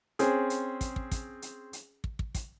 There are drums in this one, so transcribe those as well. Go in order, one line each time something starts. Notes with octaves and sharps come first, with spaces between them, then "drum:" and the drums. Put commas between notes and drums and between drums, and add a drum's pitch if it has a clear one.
C4 C#4 G#4, drum: hi-hat
drum: hi-hat
drum: kick, hi-hat
drum: kick
drum: kick, hi-hat
drum: hi-hat
drum: hi-hat
drum: kick
drum: kick
drum: kick, hi-hat